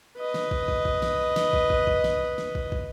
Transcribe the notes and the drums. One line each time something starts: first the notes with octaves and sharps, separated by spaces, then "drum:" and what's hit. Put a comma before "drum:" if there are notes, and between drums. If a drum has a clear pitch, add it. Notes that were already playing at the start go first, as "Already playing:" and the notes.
B4 D#5
drum: snare
drum: kick
drum: kick
drum: kick
drum: snare
drum: snare
drum: kick
drum: kick
drum: kick
drum: snare
drum: snare
drum: kick
drum: kick